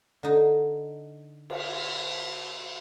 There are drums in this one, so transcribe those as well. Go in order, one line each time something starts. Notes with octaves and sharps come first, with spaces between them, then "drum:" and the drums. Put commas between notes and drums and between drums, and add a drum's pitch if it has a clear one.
D3 D#4
drum: cymbal